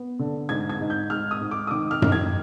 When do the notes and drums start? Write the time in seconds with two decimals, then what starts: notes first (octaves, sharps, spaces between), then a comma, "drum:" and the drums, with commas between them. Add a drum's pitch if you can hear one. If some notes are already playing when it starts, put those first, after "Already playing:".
Already playing: B3
0.19 D3
0.49 G#2 G#6
0.69 G#6
0.80 G#2
0.90 G6
1.10 G#2 F6
1.31 D#6
1.40 G#2
1.51 D6
1.67 D#6
1.71 D#3 D6
1.91 F6
2.02 D#3, drum: tom F#2
2.12 G#6